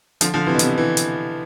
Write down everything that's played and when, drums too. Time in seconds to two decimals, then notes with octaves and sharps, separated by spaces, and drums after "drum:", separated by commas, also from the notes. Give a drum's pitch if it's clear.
0.21 D3 F3, drum: hi-hat
0.34 D3 F3
0.46 C3 E3
0.54 B2
0.59 C3, drum: hi-hat
0.78 E3
0.97 drum: hi-hat